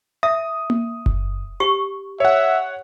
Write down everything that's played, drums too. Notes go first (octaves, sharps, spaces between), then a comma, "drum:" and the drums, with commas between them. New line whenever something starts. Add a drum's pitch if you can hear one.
E5 D#6
drum: tom A#3
drum: kick F#1
G4 C#6
C#5 E5 F#5